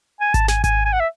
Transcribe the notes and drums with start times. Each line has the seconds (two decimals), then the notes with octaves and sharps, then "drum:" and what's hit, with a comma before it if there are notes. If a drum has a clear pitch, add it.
0.20 G#5
0.34 A5, drum: kick G#1, hi-hat
0.48 G#5, drum: snare
0.64 G#5, drum: kick G#1, hi-hat
0.85 G#5
0.93 F#5
1.00 E5